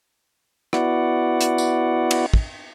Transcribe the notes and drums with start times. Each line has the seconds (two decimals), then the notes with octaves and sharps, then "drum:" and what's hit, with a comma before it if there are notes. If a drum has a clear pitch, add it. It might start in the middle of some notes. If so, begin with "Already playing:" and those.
0.73 B3 E4 F#4 D5 F#5, drum: rim click
1.41 drum: hi-hat
1.58 drum: tambourine
2.11 drum: cymbal
2.34 drum: kick